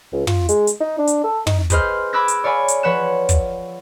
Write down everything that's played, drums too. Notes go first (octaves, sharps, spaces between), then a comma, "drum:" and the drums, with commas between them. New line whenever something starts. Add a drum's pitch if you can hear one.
C#2
F4, drum: tom
G#3, drum: hi-hat
drum: hi-hat
D#4
D4
drum: hi-hat
A4
D#4, drum: tom
G#4 B4 C5 D#5 F6 G6, drum: kick, hi-hat
B5 D6 E6 F#6 G#6 A#6
drum: hi-hat
C#5 D5 F5 G#5 B5
drum: hi-hat
F3 B4 C#5 F#5 F#6 E7
drum: kick, hi-hat